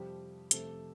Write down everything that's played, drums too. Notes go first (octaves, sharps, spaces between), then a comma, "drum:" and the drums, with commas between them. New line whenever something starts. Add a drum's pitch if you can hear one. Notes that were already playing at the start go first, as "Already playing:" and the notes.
Already playing: F2 C3 F3 G3 G4
F2 C3 F3 A3 A4, drum: hi-hat